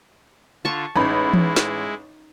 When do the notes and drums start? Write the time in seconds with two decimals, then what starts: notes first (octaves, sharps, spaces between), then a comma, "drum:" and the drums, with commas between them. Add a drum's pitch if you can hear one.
0.65 D3 F4 A5 C#6
0.96 A1 G#3 D#4 E4 B5
1.34 drum: tom E3
1.56 drum: snare